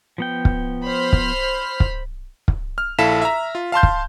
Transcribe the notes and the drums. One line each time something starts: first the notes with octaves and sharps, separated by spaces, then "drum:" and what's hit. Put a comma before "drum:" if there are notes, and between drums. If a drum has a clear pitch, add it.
F3 B3 G5
drum: kick
C5 B5 F6
drum: kick
drum: kick
drum: kick
F6
A#1 E4 A4 F5 B6 E7
E5 A#5
F4
F5 A5 C6 G6
drum: kick